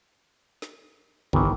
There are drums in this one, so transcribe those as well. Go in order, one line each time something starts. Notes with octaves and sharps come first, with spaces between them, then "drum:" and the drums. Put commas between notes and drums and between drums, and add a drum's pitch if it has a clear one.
drum: snare
G1 D#3 E3, drum: kick A#1